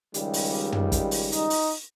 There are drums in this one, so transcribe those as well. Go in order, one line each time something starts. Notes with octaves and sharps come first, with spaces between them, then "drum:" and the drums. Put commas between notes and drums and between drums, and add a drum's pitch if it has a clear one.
C#2 D#3 G3, drum: hi-hat
drum: open hi-hat
drum: tom
drum: kick, hi-hat
drum: open hi-hat
D#4, drum: hi-hat
drum: open hi-hat